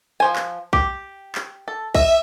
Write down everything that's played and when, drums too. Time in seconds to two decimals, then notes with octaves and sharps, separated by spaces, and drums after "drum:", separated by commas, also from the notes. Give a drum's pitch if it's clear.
0.20 F3 C5 G#5
0.36 drum: clap
0.73 G4, drum: kick B1
1.35 drum: clap
1.68 A4
1.95 D#5 E5, drum: kick B1